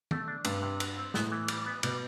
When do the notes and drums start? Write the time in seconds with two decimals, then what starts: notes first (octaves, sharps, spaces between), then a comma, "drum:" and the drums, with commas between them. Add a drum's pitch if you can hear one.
0.11 A3, drum: tom
0.28 D4
0.45 G2 C3, drum: cymbal
0.62 C3
0.80 F#4, drum: cymbal
0.97 C4
1.14 A2 B3, drum: snare
1.32 E3
1.48 G3, drum: cymbal
1.66 B3
1.83 B2 G3, drum: cymbal